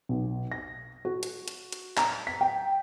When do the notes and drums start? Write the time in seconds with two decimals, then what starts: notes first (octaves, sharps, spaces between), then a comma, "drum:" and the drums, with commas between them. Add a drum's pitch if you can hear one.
0.09 B1
0.52 A#6
1.05 F#4
1.23 drum: hi-hat
1.48 drum: hi-hat
1.72 drum: hi-hat
1.97 A#5, drum: clap
2.27 B6
2.41 G5